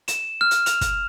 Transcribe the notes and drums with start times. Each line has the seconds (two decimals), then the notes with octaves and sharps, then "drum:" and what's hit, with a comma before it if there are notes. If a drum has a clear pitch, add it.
0.08 E7, drum: hi-hat
0.41 F6
0.51 drum: hi-hat
0.66 F7, drum: hi-hat
0.81 drum: kick, hi-hat